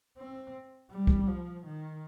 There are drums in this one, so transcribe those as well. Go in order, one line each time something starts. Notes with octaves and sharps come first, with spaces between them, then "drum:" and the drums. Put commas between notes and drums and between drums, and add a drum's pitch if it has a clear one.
C4
G3
drum: kick C2
F3
D#3